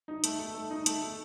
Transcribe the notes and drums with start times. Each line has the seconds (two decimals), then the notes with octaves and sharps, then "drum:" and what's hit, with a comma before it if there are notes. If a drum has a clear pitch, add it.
0.08 D#4
0.24 A3, drum: hi-hat
0.39 A4
0.54 A3
0.71 D#4
0.86 A3, drum: hi-hat
1.02 A4